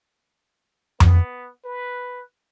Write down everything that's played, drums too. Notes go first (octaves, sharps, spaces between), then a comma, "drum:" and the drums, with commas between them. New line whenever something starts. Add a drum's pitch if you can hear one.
B3, drum: tom F2
B4